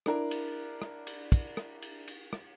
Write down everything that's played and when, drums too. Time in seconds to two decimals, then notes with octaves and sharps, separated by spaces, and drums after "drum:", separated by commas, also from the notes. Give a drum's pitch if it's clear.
0.06 D4 E4 A#4, drum: rim click
0.31 drum: cymbal
0.82 drum: rim click
1.07 drum: cymbal
1.32 drum: kick, cymbal
1.57 drum: rim click
1.82 drum: cymbal
2.08 drum: cymbal
2.33 drum: rim click